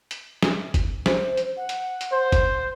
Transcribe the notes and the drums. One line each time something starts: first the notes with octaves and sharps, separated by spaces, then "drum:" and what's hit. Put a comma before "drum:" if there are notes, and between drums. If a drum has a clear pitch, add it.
drum: hi-hat
drum: snare
drum: kick, hi-hat
C5, drum: snare
drum: hi-hat
F#5
drum: hi-hat
drum: hi-hat
C5
drum: kick, hi-hat